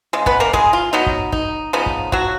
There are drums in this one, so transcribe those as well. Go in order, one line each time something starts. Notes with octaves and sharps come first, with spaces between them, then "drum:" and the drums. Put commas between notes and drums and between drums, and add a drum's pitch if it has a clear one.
C#3 G#3
B3 B4, drum: kick
A#3 A#4
G#3 G#4, drum: kick
F4
B2 F#3 B3 D#4
drum: kick
D#4, drum: kick
C#3 F3 B3 D#4
drum: kick
F#3 F#4, drum: kick